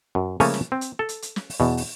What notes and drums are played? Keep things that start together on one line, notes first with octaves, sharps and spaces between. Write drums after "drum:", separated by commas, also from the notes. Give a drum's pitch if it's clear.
F#2
C#3 F3 A3 A#3 C#5 G#5, drum: open hi-hat
drum: snare
C4
drum: hi-hat
A4
drum: hi-hat
drum: hi-hat
drum: snare
drum: open hi-hat
E2 B2
drum: open hi-hat